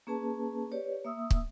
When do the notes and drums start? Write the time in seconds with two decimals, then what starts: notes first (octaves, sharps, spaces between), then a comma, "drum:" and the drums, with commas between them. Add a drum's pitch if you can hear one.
0.07 A#3 C#4 G#4 B4 A5
0.72 G4 B4 C#5 D5
1.04 A#3 E5 D#6 E6
1.31 drum: kick